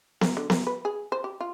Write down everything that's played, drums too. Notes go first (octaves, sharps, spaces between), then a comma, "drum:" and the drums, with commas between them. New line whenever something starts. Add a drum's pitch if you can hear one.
A#4, drum: snare B3
D3
A#4, drum: snare B3
B4
G#4
C5
G4
F4